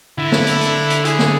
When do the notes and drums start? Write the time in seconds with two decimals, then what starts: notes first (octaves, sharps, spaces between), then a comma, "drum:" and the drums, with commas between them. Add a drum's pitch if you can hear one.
0.18 D3 E4
0.32 drum: snare
0.47 drum: hi-hat
0.61 drum: hi-hat
0.90 drum: hi-hat
1.05 G#4, drum: hi-hat
1.19 drum: snare